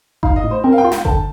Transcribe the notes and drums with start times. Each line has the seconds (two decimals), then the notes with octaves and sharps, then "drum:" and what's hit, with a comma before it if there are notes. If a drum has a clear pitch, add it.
0.23 D#4 F5, drum: kick G1
0.36 D#5
0.44 A2
0.51 C5
0.63 C4 A#4
0.72 F5
0.78 G5
0.84 F4 F5
0.92 G5, drum: snare
1.05 D3 A5, drum: kick G1